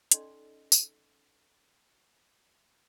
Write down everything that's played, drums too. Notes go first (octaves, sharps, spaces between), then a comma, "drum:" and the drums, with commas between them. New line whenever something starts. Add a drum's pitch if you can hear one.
C#4 D#4 A4 D5 D#5 C6, drum: hi-hat
drum: tambourine